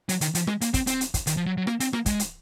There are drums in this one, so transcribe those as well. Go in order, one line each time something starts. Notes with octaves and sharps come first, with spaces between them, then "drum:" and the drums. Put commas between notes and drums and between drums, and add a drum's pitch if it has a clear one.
F#3, drum: hi-hat
D#3, drum: hi-hat
F3, drum: hi-hat
G#3, drum: rim click
A#3, drum: hi-hat
C4, drum: kick, hi-hat
C4, drum: hi-hat
drum: hi-hat
drum: kick, hi-hat
D#3, drum: hi-hat
F3
F#3
F#3
A#3, drum: rim click
C4, drum: hi-hat
A#3, drum: rim click
G#3, drum: kick, hi-hat
drum: hi-hat